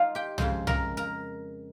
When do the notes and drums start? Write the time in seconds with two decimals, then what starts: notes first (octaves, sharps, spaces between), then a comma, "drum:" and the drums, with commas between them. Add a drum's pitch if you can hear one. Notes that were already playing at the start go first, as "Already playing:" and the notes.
Already playing: D#4 F4 D#5 F5
0.15 G4 G5
0.38 F2 C#3 G#3 C4 C5 C6, drum: tom
0.67 A#4 A#5, drum: tom
0.97 A#4 A#5